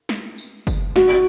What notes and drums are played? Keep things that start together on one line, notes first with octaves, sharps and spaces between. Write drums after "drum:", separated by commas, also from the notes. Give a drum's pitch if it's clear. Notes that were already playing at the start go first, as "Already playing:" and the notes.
drum: snare
drum: tambourine
drum: kick F#1, tambourine
F#4, drum: snare